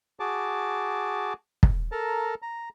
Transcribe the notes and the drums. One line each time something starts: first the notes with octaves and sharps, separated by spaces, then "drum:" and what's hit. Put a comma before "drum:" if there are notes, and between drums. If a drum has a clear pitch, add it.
F#4 G#4 A5 D6
drum: kick
A4 A#4 A5 A#5
A#5